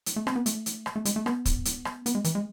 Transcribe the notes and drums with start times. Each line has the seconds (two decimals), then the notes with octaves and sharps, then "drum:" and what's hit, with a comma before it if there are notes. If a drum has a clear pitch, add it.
0.06 drum: hi-hat
0.16 A3
0.27 C4, drum: rim click
0.36 B3
0.46 A3, drum: hi-hat
0.66 drum: hi-hat
0.86 drum: rim click
0.96 A3
1.05 G#3, drum: hi-hat
1.16 A3
1.26 B3, drum: rim click
1.46 drum: kick, hi-hat
1.65 drum: hi-hat
1.85 drum: rim click
2.06 B3, drum: hi-hat
2.15 G#3
2.24 E3, drum: hi-hat
2.35 G#3